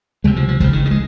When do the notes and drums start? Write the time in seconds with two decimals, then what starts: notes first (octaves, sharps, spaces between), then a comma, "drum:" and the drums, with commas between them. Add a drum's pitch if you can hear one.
0.24 C#2 C3 G#3
0.36 F3
0.49 F3
0.60 C#2 C#3 F3, drum: kick
0.73 D#3
0.85 D#3
0.91 G#3